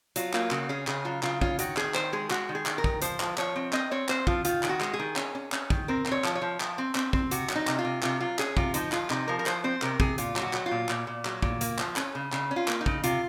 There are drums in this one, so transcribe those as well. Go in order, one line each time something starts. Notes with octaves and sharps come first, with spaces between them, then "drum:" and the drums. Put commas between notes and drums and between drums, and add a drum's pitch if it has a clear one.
F#3 F4, drum: hi-hat
A#3 F4, drum: clap
C#3 F#4, drum: clap
C#4 G#4
C#3 G#4, drum: clap
F#3 F4
C#3 F4, drum: clap
C#4 F4, drum: kick
D#3 F#4, drum: hi-hat
D#3 G#4, drum: clap
D#3 C5, drum: clap
G#3 G#4
G#3 F#4, drum: clap
D#3
G#4
D#3, drum: clap
A#4
D#3, drum: kick
F3 C5, drum: hi-hat
F3, drum: clap
F3 C#5, drum: clap
C4
C4 D#5, drum: clap
C4 C#5
C4 C5, drum: clap
F3 F4, drum: kick
D#3 F4, drum: hi-hat
D#3, drum: clap
F#4
G#3, drum: clap
G#4
D#3
C#4, drum: clap
C#4
C#4, drum: clap
D#3, drum: kick
C4 A#4
C4, drum: clap
C#5
F3, drum: clap
C#5
F3
F3, drum: clap
C4
C4, drum: clap
C4, drum: kick
C3 F#4, drum: hi-hat
F#3, drum: clap
D#4
C3, drum: clap
F4
C3
C3 F4, drum: clap
F#3 F4
C#4 G#4, drum: clap
C3 F4, drum: kick
F3 D#4, drum: hi-hat
F3 F4, drum: clap
C3 D#4, drum: clap
F3 A#4
A#4
F3 C5, drum: clap
C4 C5
C3 A#4, drum: clap
C3 G#4, drum: kick
A#2 F4, drum: hi-hat
F#3, drum: clap
F#4
F#3, drum: clap
F4
A#2
A#2, drum: clap
A#2
F#3, drum: clap
A#2, drum: kick
A#3, drum: hi-hat
F3, drum: clap
C#4, drum: clap
C#3
C#3, drum: clap
C#4
F4
A#3, drum: clap
D#4
C#3, drum: kick
C3 F4, drum: hi-hat